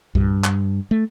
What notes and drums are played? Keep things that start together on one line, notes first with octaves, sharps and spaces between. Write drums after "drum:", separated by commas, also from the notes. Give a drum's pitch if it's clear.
G2, drum: kick C2
drum: clap
A3